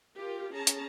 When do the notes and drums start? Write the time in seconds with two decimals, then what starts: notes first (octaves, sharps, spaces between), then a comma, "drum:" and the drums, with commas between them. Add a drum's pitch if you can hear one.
0.15 F4 G4 A#4
0.53 C#4 G#4 A5 A#5
0.67 drum: hi-hat